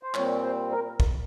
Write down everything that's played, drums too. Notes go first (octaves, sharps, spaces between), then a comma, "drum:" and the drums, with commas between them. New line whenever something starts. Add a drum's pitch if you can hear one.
C5
A#2 G3 C4 C#5, drum: clap
C5
A#4
drum: kick